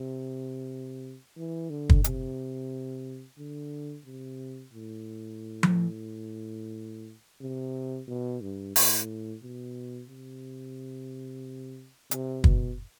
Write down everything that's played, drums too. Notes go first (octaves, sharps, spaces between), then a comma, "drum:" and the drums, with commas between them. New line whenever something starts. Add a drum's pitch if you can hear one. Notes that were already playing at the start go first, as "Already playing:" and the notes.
Already playing: C3
E3
D3
drum: kick
C3, drum: hi-hat
D3
C3
A2
drum: tom F3
C3
B2
G2
A2, drum: open hi-hat
B2
C3
C3, drum: hi-hat
B2, drum: kick